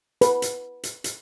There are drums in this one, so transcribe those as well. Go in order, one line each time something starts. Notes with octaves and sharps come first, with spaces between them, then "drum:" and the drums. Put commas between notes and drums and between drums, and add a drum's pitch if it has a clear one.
B4, drum: hi-hat
drum: hi-hat
drum: hi-hat
drum: hi-hat